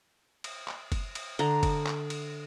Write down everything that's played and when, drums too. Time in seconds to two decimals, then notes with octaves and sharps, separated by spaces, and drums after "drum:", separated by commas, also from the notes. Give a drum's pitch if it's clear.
0.44 drum: cymbal
0.68 drum: clap
0.92 drum: kick F#1, cymbal
1.15 drum: cymbal
1.39 D3 A#5, drum: cymbal
1.63 drum: kick F#1, cymbal
1.87 drum: clap
2.10 drum: cymbal